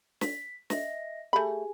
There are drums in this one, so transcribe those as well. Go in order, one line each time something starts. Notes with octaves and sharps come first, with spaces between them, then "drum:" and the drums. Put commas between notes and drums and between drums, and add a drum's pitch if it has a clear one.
B6, drum: snare
D#5 E5 A#6, drum: snare
A3 G4 G#4 G#5 B5